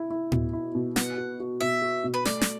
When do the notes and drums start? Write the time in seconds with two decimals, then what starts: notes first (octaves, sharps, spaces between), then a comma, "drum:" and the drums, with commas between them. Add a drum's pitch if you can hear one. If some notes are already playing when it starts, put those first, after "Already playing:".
Already playing: E4
0.10 E4
0.32 B2, drum: tom A2
0.53 E4
0.75 B2
0.96 B3 F#5, drum: snare
1.18 F#4
1.40 F#4
1.61 B2 E5
1.82 F#4
2.04 B2
2.14 B4
2.25 A3 D5, drum: snare
2.41 drum: snare